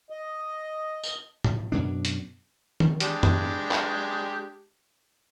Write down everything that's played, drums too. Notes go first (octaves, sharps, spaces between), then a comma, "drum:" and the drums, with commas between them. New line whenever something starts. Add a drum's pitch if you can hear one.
D#5
drum: tambourine
drum: tom A2
F#2 B2 D4
drum: hi-hat
drum: tom D#3
G#3 D4 G4, drum: hi-hat
drum: tom F#2
drum: clap